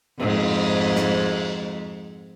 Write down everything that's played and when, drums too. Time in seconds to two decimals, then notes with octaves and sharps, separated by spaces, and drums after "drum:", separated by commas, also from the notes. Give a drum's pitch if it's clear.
0.20 F2 G#2, drum: cymbal
0.96 drum: snare